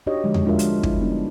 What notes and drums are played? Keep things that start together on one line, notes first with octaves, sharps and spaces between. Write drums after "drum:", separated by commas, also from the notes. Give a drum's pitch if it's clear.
D4 D#4 F#4 G4 C#5 D#5
D3 F3 G3 G#3
drum: tom E2
G#3 D4 F4 F#4 A#4 E5
drum: hi-hat
E4, drum: kick
G3 B3 D4 D#4